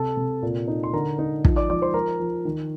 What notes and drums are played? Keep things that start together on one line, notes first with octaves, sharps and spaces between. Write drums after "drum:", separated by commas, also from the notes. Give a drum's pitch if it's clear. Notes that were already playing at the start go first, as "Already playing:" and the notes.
Already playing: C3 A4 A5
C3
A#2
D#4
C6
D3 A#4 A#5
D#4
F3, drum: kick
D5 D6
F3 D5 D6
C5 C6
F3 A#4 A#5
F3
D#3